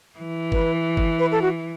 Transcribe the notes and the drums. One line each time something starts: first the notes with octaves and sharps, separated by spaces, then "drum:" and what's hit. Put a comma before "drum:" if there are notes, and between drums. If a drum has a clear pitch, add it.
E3
B4, drum: kick G1
drum: kick G1
B4
A4
F#4